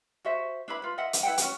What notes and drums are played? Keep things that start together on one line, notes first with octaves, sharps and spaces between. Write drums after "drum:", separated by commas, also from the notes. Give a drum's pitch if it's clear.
F#4 C5 E5
D4 E4 B4 B5
F4 B4
D#5 E5 F#5
drum: hi-hat
E4 B4 F#5 G5
C#4 F#4, drum: hi-hat